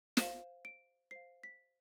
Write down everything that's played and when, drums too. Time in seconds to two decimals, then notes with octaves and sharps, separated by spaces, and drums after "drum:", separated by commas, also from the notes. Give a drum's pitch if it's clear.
0.17 C5 F5 E7, drum: snare
0.65 D7
1.11 C5 F5 C7
1.43 B6